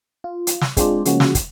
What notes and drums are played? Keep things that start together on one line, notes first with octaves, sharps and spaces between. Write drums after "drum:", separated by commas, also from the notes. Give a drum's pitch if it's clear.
F4
drum: hi-hat
drum: snare
G#3 C4 D4 F4 C5 D5, drum: kick, hi-hat
C#3 F3 G#3 A#3 C#4 F#4, drum: hi-hat
drum: snare
drum: kick, hi-hat